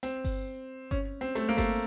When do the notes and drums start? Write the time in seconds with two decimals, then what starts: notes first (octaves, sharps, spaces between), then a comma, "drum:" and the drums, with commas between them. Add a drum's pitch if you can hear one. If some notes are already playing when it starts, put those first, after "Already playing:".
0.03 C4, drum: hi-hat
0.25 drum: kick G1, open hi-hat
0.91 C#4, drum: kick G1
1.21 C4
1.35 A3, drum: hi-hat
1.49 A#3
1.57 A3, drum: kick G1, open hi-hat